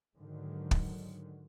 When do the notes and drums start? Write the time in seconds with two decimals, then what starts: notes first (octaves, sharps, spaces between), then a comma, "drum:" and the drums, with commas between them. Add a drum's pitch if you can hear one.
0.17 G#2 D3 D#3 F#3
0.71 drum: kick